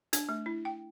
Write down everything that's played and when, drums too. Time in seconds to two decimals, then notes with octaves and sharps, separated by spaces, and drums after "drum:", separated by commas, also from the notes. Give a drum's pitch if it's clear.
0.13 D4, drum: hi-hat
0.29 A3
0.46 E4
0.65 G5